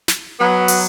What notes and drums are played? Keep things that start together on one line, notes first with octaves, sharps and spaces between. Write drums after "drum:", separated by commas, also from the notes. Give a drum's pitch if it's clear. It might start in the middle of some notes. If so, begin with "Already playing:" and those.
drum: snare
F#3 B3
drum: open hi-hat